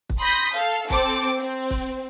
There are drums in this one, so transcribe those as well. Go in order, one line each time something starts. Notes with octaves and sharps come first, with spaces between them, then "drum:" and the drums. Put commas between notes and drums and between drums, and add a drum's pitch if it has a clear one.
drum: kick
B5 C6 D#6 G6 A#6 B6
A4 F5
C4 A4 D6, drum: kick
C4
drum: kick